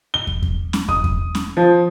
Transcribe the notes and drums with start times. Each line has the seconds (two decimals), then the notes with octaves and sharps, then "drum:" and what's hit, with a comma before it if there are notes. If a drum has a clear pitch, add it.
0.14 G7
0.27 drum: kick
0.42 drum: kick
0.73 drum: snare
0.89 D#6, drum: kick
1.04 drum: kick
1.35 drum: snare
1.57 F3